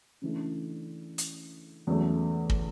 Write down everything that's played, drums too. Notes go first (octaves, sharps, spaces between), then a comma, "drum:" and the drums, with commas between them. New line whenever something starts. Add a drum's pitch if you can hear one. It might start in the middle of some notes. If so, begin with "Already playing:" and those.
C#3 E3 A3 D4
drum: hi-hat
E2 C#3 F#3 A3
drum: kick